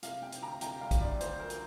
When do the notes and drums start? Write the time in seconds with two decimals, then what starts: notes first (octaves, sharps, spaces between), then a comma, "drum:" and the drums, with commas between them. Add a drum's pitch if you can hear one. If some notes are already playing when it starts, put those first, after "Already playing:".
0.03 C3 F5, drum: hi-hat
0.22 C3 G5
0.32 drum: hi-hat
0.41 D2 A#5
0.61 C3 G5, drum: hi-hat
0.81 G3 F5
0.91 drum: kick, hi-hat
1.00 D2 D5
1.21 D2 C5, drum: hi-hat
1.40 F3 A#4
1.50 drum: hi-hat